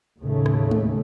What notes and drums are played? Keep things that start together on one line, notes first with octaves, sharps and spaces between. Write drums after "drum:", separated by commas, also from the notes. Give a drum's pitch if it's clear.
D#2 A2 C#3 A3
drum: rim click
drum: tom G#3